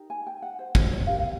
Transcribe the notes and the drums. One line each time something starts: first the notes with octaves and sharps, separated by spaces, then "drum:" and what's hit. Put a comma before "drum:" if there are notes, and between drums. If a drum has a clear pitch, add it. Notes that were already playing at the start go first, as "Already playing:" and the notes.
Already playing: D#4 G4 A#4
G#5
G5
F#5
C5
C5, drum: kick
C#5
E4 G4 A#4 F5
F5